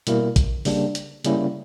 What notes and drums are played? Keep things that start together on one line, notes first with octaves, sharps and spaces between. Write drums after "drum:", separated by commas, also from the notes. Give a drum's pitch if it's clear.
B2 G3 A#3 E4 A#4, drum: hi-hat
drum: kick A1, hi-hat
C#3 G3 A#3 D4, drum: open hi-hat
drum: hi-hat
C#3 G3 A#3 C#4 E4, drum: hi-hat